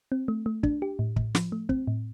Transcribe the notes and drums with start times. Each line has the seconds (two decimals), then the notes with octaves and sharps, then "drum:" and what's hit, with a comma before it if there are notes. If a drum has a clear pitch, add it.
0.12 C4
0.28 A3
0.46 A3
0.63 D4, drum: kick
0.82 G4
0.99 A2
1.16 A2, drum: kick
1.35 F3, drum: snare
1.52 A3
1.69 C4, drum: kick
1.87 A2